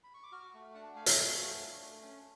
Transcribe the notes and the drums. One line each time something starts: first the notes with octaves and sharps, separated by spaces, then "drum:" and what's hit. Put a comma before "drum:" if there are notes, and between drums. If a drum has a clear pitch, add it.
B5
C#6
D6
F#4 C#6 F6
A3
D4 F#5 A5
A3 F5 G#5
drum: hi-hat
F#4
A3
D4
A3
C#4